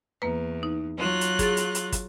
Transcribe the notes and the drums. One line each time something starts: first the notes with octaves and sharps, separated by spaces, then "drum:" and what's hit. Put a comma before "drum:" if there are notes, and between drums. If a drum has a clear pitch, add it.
E2 A#3 B4
D#4
F#3 F4 F#6
drum: hi-hat
G#4 A6, drum: kick, hi-hat
drum: hi-hat
drum: hi-hat
drum: kick, hi-hat